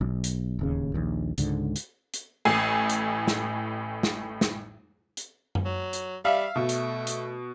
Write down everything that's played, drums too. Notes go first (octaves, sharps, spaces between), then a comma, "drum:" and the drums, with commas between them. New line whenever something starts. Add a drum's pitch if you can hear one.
B1
drum: hi-hat
D1 D#2 C#3
A#1 D#2
C#2 G#2 D3, drum: hi-hat
drum: hi-hat
drum: hi-hat
A1 A2 G#5 C7
drum: hi-hat
drum: snare
drum: snare
drum: snare
drum: hi-hat
drum: tom F#2
F#3
drum: hi-hat
G3 E5 F5
B2 A3
drum: hi-hat
drum: hi-hat